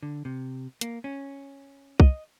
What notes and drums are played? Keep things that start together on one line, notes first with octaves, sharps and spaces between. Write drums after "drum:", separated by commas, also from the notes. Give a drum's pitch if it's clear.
D3
C3
A#3, drum: hi-hat
C#4
D#5, drum: kick C2